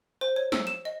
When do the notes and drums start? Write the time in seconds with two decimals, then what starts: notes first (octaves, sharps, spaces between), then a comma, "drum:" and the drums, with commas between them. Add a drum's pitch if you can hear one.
0.21 C5
0.36 C#5
0.52 E6, drum: snare
0.67 E7
0.85 D#5